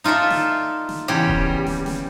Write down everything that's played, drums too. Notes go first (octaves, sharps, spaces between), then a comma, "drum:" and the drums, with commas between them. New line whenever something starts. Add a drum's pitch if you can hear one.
D#4 F4 A4 D5 E5
drum: snare
drum: snare
E2 C#3 G3 G4
drum: kick D#1
drum: snare
drum: snare